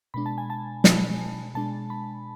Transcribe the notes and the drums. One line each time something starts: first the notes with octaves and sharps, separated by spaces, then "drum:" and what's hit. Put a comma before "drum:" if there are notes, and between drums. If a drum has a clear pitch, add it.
B2 G#3 D4 B5
A5
G#5
A5
B2 G#3 D4, drum: snare
B2 G#3 D4 A5
B5